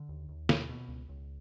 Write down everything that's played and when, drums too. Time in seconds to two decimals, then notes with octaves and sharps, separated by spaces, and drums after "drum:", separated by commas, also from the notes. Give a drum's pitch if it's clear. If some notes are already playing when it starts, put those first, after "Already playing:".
Already playing: D3
0.09 D#2
0.29 D#2
0.49 B2, drum: snare
0.69 B2
0.88 C#2
1.09 C#2